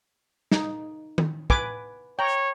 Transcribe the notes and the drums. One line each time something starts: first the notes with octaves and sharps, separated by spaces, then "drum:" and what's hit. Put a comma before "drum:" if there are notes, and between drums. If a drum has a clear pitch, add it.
D#4, drum: snare
drum: tom D#3
B4 G#5 D6, drum: kick
C#5 G5 A#5